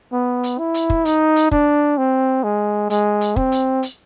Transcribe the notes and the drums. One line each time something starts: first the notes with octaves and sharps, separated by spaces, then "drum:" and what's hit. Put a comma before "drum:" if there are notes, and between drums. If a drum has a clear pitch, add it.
B3
drum: hi-hat
E4
drum: hi-hat
drum: kick
D#4, drum: hi-hat
drum: hi-hat
D4, drum: kick
C4
G#3
G#3, drum: hi-hat
drum: hi-hat
C4, drum: kick
drum: hi-hat
drum: hi-hat